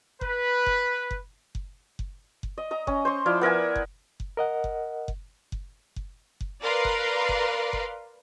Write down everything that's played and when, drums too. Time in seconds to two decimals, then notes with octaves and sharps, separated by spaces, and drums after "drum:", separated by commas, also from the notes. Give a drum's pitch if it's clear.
0.21 B4, drum: kick F#1
0.66 drum: kick F#1
1.11 drum: kick F#1
1.55 drum: kick F#1
1.99 drum: kick F#1
2.43 drum: kick F#1
2.58 D#5
2.71 D#5 A#5
2.87 C#4, drum: kick F#1
3.05 C5 C6 C#6
3.26 F3 E4 D5 F5
3.41 B3 A#4 E5 G#5
3.76 drum: kick F#1
4.20 drum: kick F#1
4.37 A#4 D#5 F#5
4.64 drum: kick F#1
5.08 drum: kick F#1
5.52 drum: kick F#1
5.96 drum: kick F#1
6.41 drum: kick F#1
6.63 A#4 B4 D5 F5 C6
6.85 drum: kick F#1
7.29 drum: kick F#1
7.73 drum: kick F#1